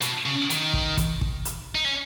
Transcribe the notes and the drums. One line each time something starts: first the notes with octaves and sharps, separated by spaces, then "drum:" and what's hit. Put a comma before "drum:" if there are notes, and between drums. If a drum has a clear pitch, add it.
B2, drum: hi-hat
C#3
D#3, drum: hi-hat
drum: kick
drum: kick, hi-hat
drum: kick
drum: hi-hat
D#4
C#4